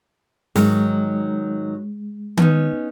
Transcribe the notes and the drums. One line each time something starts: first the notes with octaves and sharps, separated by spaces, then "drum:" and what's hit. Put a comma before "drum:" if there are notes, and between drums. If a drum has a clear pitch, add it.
G#2 D#3 F#3 G#3, drum: snare
B3 C#4 D#4, drum: tom D#3